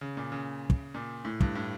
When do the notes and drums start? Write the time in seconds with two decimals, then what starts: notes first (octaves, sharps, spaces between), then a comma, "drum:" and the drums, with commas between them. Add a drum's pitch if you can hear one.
0.01 C#3
0.17 A#2
0.32 C#3
0.70 drum: kick
0.94 A#2
1.25 A2
1.40 G2, drum: kick
1.55 A2